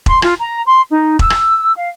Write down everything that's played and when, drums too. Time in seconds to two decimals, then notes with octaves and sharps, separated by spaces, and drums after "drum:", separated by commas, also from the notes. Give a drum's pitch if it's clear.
0.06 C6, drum: kick E1
0.22 F4, drum: rim click
0.39 A#5
0.65 C6
0.89 D#4
1.19 E6, drum: kick E1
1.30 drum: rim click
1.75 F5